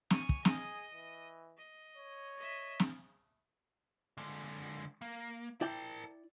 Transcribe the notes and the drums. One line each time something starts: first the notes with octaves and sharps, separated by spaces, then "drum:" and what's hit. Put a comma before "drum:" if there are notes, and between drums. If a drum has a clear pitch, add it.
C#5 G#5, drum: snare
drum: kick
G#4 D#5, drum: snare
E3
D#5
C#5
D#5 E5
drum: snare
D3 G#3
A#3
E4 A#4 D5 G5 A5